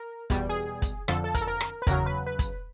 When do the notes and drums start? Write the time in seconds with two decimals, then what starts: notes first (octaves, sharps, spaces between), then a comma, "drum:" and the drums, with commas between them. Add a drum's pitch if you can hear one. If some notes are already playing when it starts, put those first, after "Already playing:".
Already playing: A#4
0.30 E2 B2 G3, drum: kick, hi-hat
0.49 G#4
0.82 drum: kick, hi-hat
1.08 F2 D3 F3 A4, drum: rim click
1.24 A4
1.34 A#4, drum: kick, hi-hat
1.42 A4
1.47 A#4
1.61 drum: rim click
1.82 B4
1.87 E2 C#3 F#3 A#4, drum: kick, hi-hat
2.06 B4
2.26 B4
2.39 drum: kick, hi-hat